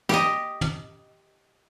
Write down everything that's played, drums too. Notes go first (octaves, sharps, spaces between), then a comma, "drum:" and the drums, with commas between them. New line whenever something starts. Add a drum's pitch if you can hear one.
G4 D#5, drum: rim click
drum: tom